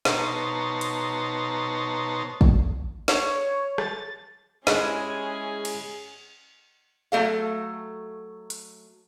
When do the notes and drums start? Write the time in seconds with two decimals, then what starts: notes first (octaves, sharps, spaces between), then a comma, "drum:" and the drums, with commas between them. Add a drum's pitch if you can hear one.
0.05 B2 D#4 C5 C#5 A5 A#5, drum: snare
0.81 drum: hi-hat
2.41 drum: kick
3.08 C#5, drum: snare
3.78 A6, drum: rim click
4.67 G#3 C#4 E4 G#4 D#5, drum: snare
5.65 drum: cymbal
7.12 F#3 A3 A4 F5
8.50 drum: hi-hat